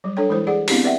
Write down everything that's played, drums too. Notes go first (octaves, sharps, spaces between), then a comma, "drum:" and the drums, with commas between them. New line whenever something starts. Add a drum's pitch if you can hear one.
F#3 G3
D4 A4 C#5 G5
E3 G#3 E4 C5
G#4 D5 F#5
B3 C4 D4 E4 G4, drum: open hi-hat
B4 D5 E5 F#5 G5